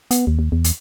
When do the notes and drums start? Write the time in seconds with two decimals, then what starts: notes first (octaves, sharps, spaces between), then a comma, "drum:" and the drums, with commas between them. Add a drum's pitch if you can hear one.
0.11 B3, drum: hi-hat
0.27 D#2
0.39 D#2
0.52 E2
0.64 drum: hi-hat